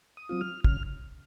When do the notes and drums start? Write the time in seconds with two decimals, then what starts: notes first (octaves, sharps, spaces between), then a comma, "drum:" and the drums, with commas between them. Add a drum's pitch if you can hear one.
0.17 D#6
0.29 F#3 C4 F4
0.41 F6
0.64 C#3 F6, drum: kick